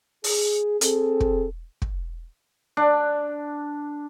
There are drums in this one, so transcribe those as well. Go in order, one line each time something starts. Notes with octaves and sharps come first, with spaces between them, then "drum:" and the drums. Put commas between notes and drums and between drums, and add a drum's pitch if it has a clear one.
G#4, drum: open hi-hat
C4 G#4 A4, drum: hi-hat
drum: kick
drum: kick
D4